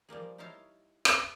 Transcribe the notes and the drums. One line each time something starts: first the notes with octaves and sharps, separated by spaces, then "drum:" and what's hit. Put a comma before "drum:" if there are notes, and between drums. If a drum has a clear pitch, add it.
F3 G3 A#3 G#4
D#4 E4 C#5 F5 A5
drum: rim click